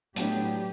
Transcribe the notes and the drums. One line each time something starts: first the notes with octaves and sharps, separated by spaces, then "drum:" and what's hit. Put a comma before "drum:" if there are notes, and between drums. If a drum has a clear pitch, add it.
A2 F#3 B3 D4 G4, drum: hi-hat